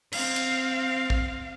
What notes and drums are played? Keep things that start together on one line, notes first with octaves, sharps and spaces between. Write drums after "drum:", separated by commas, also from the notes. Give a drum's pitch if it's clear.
C4 F5, drum: cymbal
drum: cymbal
drum: kick